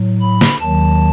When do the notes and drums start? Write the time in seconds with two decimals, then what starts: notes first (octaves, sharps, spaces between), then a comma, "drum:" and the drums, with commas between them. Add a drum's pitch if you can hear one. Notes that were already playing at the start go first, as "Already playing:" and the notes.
Already playing: A2 F#3
0.21 B5
0.41 drum: snare
0.60 D#2 D#3 F#3 A5